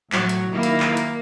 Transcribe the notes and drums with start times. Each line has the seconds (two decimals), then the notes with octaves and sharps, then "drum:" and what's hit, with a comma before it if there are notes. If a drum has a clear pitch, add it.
0.12 A2 F#3, drum: clap
0.29 drum: hi-hat
0.52 D#3 A#3 E4 A#4
0.63 drum: hi-hat
0.80 drum: clap
0.97 drum: hi-hat